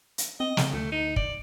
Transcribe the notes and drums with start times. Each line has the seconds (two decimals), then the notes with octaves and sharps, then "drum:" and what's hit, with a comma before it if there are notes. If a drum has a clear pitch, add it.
0.18 drum: hi-hat
0.40 C4 D#5
0.57 C#3, drum: snare
0.73 D2 A3
0.92 D#4
1.16 D5, drum: kick